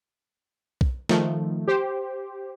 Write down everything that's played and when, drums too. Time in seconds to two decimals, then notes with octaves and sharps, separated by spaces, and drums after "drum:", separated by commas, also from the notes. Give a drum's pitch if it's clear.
0.81 drum: kick B1
1.09 D#3 F3 A3, drum: snare
1.67 G4 C5